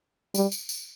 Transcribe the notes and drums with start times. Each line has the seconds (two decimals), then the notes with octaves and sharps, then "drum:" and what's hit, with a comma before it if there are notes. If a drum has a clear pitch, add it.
0.34 G3, drum: tambourine
0.52 drum: tambourine
0.69 drum: tambourine